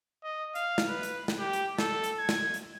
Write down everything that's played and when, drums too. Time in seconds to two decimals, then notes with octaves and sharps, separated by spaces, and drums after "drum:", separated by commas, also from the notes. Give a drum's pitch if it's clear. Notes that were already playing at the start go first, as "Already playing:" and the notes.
0.24 D#5
0.55 F5, drum: hi-hat
0.78 drum: snare
0.88 B4
1.03 drum: hi-hat
1.28 drum: snare
1.39 G4
1.53 drum: hi-hat
1.78 A4, drum: snare
2.04 drum: hi-hat
2.20 G#6
2.29 drum: snare
2.54 drum: hi-hat